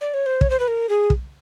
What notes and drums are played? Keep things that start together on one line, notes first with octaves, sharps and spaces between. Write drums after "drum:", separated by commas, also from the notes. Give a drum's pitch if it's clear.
D5
C#5
C5
C#5, drum: kick
C5
B4
A#4
G#4
drum: kick